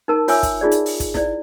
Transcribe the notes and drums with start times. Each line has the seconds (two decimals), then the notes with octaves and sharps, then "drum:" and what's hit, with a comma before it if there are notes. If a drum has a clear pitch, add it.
0.08 D#4 A#4 A5
0.28 F4 C#5 E5 G#5 D6 E6, drum: open hi-hat
0.43 drum: kick, hi-hat
0.61 D#4 F4 G#4 D5
0.71 drum: hi-hat
0.86 drum: open hi-hat
1.00 drum: kick, hi-hat
1.14 E4 D5, drum: snare